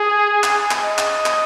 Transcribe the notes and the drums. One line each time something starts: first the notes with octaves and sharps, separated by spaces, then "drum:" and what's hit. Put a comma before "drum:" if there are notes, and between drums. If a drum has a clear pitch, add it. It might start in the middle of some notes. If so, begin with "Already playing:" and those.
Already playing: G#4
drum: clap
drum: clap
D#5
drum: clap
drum: clap